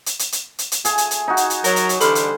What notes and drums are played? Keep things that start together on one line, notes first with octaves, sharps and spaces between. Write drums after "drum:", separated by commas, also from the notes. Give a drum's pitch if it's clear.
drum: hi-hat
drum: hi-hat
drum: hi-hat
drum: hi-hat
drum: hi-hat
A3 G#4 G#5, drum: hi-hat
drum: hi-hat
drum: hi-hat
D#4 F#4
drum: hi-hat
drum: hi-hat
F#3 A#4, drum: hi-hat
drum: hi-hat
drum: hi-hat
D3 E3 G3 A4 C5 B5 F6, drum: hi-hat
drum: hi-hat